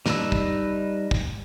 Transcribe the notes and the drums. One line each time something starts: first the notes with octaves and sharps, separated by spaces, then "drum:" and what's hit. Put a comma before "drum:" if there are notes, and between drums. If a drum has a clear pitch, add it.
G3 D#4 B4 A5 E6, drum: snare
drum: kick
drum: kick